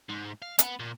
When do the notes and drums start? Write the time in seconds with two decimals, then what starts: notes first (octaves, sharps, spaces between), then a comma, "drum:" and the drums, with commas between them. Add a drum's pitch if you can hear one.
0.09 G#2
0.42 F5
0.59 B3, drum: hi-hat
0.79 A#2